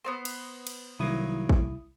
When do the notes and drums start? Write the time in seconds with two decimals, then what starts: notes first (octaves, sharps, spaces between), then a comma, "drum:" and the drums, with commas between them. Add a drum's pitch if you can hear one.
0.05 B3 C4 C5
0.25 drum: cymbal
0.67 drum: cymbal
0.99 C2 D#3 F#3 A#3 E4 D#6
1.49 drum: kick